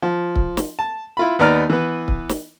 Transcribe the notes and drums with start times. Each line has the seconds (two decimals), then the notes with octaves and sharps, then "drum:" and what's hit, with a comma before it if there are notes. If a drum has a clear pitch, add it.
0.02 F3
0.36 drum: kick C#1
0.57 drum: snare
0.79 A5
1.17 E4 F4 B5
1.39 D#2 B3 D#4 D5 A#5 F6
1.70 E3 B3
2.08 drum: kick C#1
2.29 drum: snare